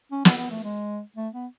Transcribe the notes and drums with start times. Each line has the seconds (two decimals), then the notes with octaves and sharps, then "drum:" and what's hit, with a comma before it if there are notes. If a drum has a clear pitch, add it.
0.12 C#4
0.25 B3, drum: snare
0.38 B3
0.51 A3
0.64 G#3
1.16 A3
1.34 B3